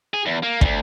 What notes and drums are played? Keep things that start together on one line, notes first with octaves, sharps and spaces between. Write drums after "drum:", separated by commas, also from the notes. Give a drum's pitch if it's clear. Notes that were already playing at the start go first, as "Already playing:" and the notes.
G#4
E2
A#3
D2 G2, drum: kick